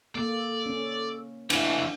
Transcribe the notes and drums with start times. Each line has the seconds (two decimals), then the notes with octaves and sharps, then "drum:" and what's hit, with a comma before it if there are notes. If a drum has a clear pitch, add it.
0.15 A#3 A4 D5
0.66 C#4
1.50 E3 F3 A3 D4 E4 F#5 G#5, drum: cymbal